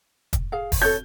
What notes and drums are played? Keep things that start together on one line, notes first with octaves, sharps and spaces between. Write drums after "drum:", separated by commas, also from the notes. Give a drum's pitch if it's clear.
drum: kick, hi-hat
G#4 F5
drum: kick, open hi-hat
A4 C#5 G6